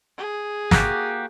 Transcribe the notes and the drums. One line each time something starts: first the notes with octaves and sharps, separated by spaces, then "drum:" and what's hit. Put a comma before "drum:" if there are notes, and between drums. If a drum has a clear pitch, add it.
G#4
A#3 F#4 G4, drum: snare